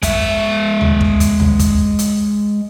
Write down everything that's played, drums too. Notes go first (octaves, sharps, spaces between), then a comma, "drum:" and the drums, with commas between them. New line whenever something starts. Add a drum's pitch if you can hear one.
G#3 E5, drum: kick, hi-hat
drum: tom D2
drum: kick
drum: kick, hi-hat
drum: tom D2
drum: kick, hi-hat
drum: hi-hat